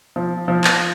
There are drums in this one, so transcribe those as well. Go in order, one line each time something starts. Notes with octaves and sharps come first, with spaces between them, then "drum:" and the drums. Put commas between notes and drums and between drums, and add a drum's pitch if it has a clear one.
F3
F3
drum: clap